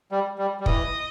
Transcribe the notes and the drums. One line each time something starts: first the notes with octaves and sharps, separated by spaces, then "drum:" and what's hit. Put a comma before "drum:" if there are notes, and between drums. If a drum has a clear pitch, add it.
G3
G3
G3
E3 D#5, drum: kick